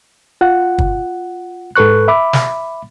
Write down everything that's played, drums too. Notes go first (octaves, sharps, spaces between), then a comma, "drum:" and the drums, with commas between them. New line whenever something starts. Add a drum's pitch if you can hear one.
F4 F#5
drum: kick
G#2 A4 B4 C#6 F#6
E5 B5 D6
drum: snare